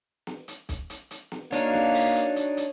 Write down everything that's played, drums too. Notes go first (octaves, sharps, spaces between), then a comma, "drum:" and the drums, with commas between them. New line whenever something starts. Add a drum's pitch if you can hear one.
drum: snare
drum: hi-hat
drum: kick, hi-hat
drum: hi-hat
drum: hi-hat
drum: snare
A#3 D4 D#4 F#4 C#5 F5, drum: hi-hat
drum: snare
drum: open hi-hat
drum: hi-hat
drum: hi-hat
drum: hi-hat